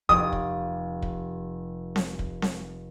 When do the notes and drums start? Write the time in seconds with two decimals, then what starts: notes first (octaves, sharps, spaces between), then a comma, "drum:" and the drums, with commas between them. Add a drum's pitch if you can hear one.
0.09 F1 G4 D#6, drum: kick
0.32 drum: kick
1.02 drum: kick
1.96 drum: snare C4
2.19 drum: kick
2.42 drum: snare C4